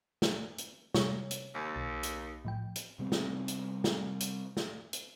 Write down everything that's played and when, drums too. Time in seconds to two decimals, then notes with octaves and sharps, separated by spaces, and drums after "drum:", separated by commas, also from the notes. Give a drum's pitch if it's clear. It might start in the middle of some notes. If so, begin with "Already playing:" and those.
0.22 drum: snare
0.58 drum: hi-hat
0.94 C3 G3 G#3 C#5, drum: snare
1.31 drum: hi-hat
1.54 D#2
1.74 B1 A6
2.03 drum: hi-hat
2.45 A2 F3 G5
2.76 drum: hi-hat
2.99 C3 G3 B3 C4
3.12 drum: snare
3.48 drum: hi-hat
3.84 drum: snare
4.20 drum: hi-hat
4.57 drum: snare
4.93 drum: hi-hat